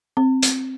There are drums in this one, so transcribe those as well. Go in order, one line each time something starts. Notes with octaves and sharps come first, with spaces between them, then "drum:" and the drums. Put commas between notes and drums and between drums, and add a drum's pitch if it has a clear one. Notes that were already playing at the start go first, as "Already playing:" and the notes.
C4
drum: hi-hat